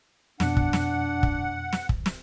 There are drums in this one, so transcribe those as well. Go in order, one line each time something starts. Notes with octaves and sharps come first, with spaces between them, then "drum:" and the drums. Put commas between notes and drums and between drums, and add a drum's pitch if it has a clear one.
F2 B2 D4 F#5, drum: snare
drum: kick
drum: snare
drum: kick
drum: snare
drum: kick
drum: snare